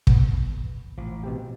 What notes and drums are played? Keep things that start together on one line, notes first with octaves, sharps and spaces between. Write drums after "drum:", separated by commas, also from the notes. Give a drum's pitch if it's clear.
B3, drum: kick
A1 F3
B2 C4 G4